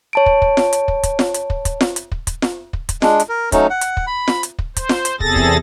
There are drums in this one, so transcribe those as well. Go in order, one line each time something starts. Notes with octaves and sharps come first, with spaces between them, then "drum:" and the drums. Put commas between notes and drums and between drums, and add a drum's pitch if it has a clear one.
C#5 A5 D7
drum: kick
drum: kick
drum: snare F4
drum: hi-hat
drum: kick
drum: kick, hi-hat
drum: snare F4
drum: hi-hat
drum: kick
drum: kick, hi-hat
drum: snare F4
drum: hi-hat
drum: kick
drum: kick, hi-hat
drum: snare F4
drum: kick
drum: kick, hi-hat
G#3 D4, drum: snare F4
drum: hi-hat
A#4
F#3 A3 C#4 D#4, drum: kick, hi-hat
F#5
drum: hi-hat
drum: kick
B5
drum: snare F4
drum: hi-hat
drum: kick
C5, drum: kick, hi-hat
drum: snare F4
drum: hi-hat
E2 C3 G#4 A4 A6 A#6, drum: kick
drum: kick